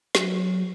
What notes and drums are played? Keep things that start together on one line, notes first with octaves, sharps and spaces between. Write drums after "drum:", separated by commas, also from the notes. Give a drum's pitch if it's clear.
F#3, drum: snare